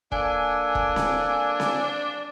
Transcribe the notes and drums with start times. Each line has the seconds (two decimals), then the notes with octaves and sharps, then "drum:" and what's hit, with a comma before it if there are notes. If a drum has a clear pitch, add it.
0.12 A#3 D4 A4 G#5, drum: kick E1
0.75 drum: kick E1
0.96 drum: snare C4
1.60 drum: snare C4